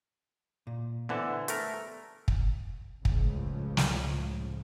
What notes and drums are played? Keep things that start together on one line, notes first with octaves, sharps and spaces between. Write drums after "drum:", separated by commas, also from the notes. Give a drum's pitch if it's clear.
A#2
D3 E3 B3 C5 F#5
A3 A#4, drum: hi-hat
drum: kick
C#2 A2 C#3 F3, drum: kick
drum: snare